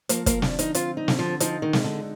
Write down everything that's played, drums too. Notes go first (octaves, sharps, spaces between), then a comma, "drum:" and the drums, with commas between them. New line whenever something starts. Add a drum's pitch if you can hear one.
F3 A#3, drum: hi-hat
A#3, drum: kick, hi-hat
D3 D4, drum: snare
D#4, drum: hi-hat
C4 F4, drum: hi-hat
D#4
D3, drum: snare
F3
F3 D#4, drum: hi-hat
D#3
G#3, drum: snare
D3